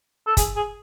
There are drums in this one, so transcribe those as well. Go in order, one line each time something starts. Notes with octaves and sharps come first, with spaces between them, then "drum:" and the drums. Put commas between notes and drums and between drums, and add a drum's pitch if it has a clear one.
A4
G#4, drum: kick, hi-hat
G#4